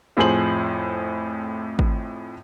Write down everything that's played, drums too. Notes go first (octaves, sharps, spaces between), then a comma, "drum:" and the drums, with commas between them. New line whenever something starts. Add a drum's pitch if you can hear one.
F2 A2 F3 G#4 C5 F#7
drum: kick G#1